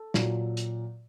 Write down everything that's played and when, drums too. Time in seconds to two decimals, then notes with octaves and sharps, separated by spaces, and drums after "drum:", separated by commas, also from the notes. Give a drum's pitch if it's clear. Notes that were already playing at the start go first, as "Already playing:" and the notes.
Already playing: A4
0.14 A#2 F#3, drum: snare
0.57 drum: hi-hat